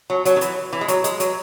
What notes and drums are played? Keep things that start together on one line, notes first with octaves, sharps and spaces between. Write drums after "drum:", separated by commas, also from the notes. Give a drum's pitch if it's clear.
F#3
F#3, drum: hi-hat
D#3
E3, drum: hi-hat
E3
G#3
F#3, drum: hi-hat
G#3, drum: hi-hat
F#3, drum: hi-hat